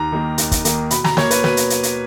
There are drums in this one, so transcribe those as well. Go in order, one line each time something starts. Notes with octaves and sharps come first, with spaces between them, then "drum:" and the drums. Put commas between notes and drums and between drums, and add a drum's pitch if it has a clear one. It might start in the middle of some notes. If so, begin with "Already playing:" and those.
Already playing: D#2 A#5
D#3 A#3
D#2, drum: hi-hat
drum: kick, hi-hat
D#3 A#3, drum: hi-hat
B2 B5, drum: hi-hat
A#5, drum: snare
A#3 C#5, drum: snare
B4, drum: hi-hat
B2 B4, drum: snare
drum: hi-hat
drum: hi-hat
drum: hi-hat